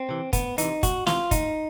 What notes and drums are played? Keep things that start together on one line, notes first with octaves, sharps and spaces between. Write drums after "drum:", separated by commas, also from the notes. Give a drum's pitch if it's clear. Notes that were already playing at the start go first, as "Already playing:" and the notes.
Already playing: C4
C3 E3
D2 B3, drum: kick, hi-hat
C3 E3 D#4, drum: hi-hat
D2 F#4, drum: kick, hi-hat
C3 E3 F4, drum: snare
D2 D#4, drum: kick, hi-hat